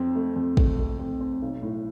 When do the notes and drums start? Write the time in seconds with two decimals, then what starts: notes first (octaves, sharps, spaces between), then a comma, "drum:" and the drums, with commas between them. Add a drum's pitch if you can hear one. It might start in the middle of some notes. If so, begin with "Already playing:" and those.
Already playing: F2 C4
0.15 A3
0.36 F2
0.57 A3, drum: kick
0.79 A3
0.99 C4
1.21 C4
1.42 B1
1.63 A2